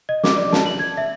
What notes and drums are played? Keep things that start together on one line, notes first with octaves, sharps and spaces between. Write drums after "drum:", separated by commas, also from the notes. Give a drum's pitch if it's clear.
D#5
D6, drum: snare
D5
A5, drum: snare
F#7
G#6
E5